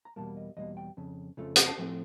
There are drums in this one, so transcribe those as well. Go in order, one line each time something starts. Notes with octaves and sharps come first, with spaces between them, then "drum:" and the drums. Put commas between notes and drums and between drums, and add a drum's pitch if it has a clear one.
A#5
E2 B2 G3 A#3 A5
D#5
E2 B2 G3 A#3 D#5
G5
F2 C#3
F2 C#3 F3 A3
drum: hi-hat
A5
A2 F3 A3 C4 G#5